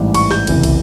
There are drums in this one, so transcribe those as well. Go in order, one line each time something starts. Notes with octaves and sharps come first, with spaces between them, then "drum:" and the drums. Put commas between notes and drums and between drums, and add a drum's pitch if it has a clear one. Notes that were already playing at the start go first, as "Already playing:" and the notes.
Already playing: A1 G#2 E3 G3
C#6, drum: cymbal
G6, drum: snare
F#1 E2 C3 E3, drum: cymbal
drum: kick, cymbal